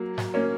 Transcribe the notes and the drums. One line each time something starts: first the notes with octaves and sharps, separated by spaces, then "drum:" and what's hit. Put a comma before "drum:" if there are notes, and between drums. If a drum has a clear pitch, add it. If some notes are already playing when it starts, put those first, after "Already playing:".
Already playing: F#3 A#3
drum: snare G#2
A#3 C#4